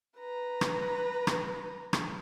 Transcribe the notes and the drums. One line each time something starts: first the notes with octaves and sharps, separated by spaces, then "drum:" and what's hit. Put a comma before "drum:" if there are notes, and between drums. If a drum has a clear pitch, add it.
B4 A#5
drum: rim click
drum: rim click
drum: rim click